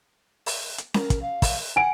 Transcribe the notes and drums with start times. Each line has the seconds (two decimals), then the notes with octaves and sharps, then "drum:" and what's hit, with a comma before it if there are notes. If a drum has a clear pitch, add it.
0.46 drum: open hi-hat
0.78 drum: hi-hat
0.94 A#4, drum: snare C#4
1.10 drum: kick, hi-hat
1.22 F5
1.42 drum: kick, open hi-hat
1.76 F#5 G#5 D7